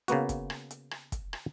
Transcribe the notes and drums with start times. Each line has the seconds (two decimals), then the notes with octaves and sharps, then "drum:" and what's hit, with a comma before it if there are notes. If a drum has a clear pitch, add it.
0.08 C#3 A#3 B3 F#4, drum: hi-hat
0.29 drum: kick, hi-hat
0.50 drum: rim click
0.71 drum: hi-hat
0.91 drum: rim click
1.12 drum: kick, hi-hat
1.33 drum: rim click